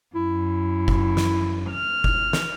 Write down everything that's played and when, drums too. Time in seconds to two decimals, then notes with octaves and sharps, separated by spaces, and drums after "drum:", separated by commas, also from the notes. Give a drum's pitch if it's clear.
0.15 F#2 E4
0.88 drum: kick F#1
1.17 drum: snare
1.70 F6
2.04 drum: kick F#1
2.33 drum: snare